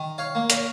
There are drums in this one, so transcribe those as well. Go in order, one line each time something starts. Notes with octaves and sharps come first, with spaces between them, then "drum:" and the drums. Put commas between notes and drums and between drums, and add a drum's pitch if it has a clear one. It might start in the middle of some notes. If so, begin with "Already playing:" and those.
Already playing: D#3
C#5 F5
A#3
A#4 C#5, drum: hi-hat